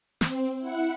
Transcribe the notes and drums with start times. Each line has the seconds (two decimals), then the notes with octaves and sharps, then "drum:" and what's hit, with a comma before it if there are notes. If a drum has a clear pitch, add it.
0.21 C4, drum: snare
0.59 E4 F#5